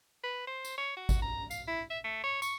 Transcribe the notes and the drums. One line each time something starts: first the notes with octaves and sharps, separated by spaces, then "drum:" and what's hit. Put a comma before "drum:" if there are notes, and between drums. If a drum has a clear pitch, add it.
B4
C5
drum: tambourine
C#5
F#4
drum: kick G#1, tambourine
A#5
F5, drum: tambourine
E4
E5
A3
C#5
C#6, drum: tambourine